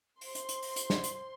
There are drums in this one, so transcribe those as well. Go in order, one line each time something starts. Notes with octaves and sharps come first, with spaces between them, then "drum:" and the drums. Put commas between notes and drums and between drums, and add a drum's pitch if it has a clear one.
C5 C6, drum: open hi-hat
drum: hi-hat
drum: hi-hat
drum: open hi-hat
drum: hi-hat
drum: snare
drum: hi-hat